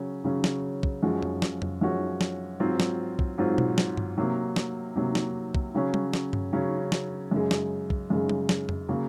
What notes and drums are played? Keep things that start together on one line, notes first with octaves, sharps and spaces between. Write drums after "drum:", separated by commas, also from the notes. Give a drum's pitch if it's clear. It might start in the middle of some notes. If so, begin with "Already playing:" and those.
Already playing: C#3 F#3 C#4
C#3 F#3 C#4
drum: snare
drum: kick
F#2 F3 G#3 C#4 F#4
drum: tom F2
drum: snare
drum: tom F2
F#2 F3 G#3 C#4 F#4
drum: snare
G#2 F#3 C4 F4 C5
drum: snare
drum: kick
G#2 F#3 C4 F4 C5
drum: tom B2
drum: snare
drum: tom G2
C3 F#3 A#3
drum: snare
C3 F#3 A#3
drum: snare
drum: kick
C#3 F#3 C#4
drum: tom G3
drum: snare
drum: tom G2
C#3 F#3 C#4
drum: snare
F#2 C#3 G#3
drum: snare
drum: kick
F#2 C#3 G#3
drum: tom G3
drum: snare
drum: tom F2
C#3 F#3 A#3